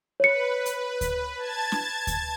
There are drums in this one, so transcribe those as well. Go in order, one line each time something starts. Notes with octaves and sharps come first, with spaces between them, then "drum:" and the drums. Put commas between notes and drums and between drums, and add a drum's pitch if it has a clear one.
B4 C#5 C#7
drum: hi-hat
drum: kick D2, hi-hat
A5 G#6 A6
drum: snare
drum: kick D2, hi-hat